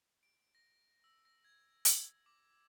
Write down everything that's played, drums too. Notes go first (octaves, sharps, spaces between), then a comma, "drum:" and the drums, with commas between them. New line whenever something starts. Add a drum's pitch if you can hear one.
D7
A#6
E6
A#6
G#6
E6, drum: hi-hat
D6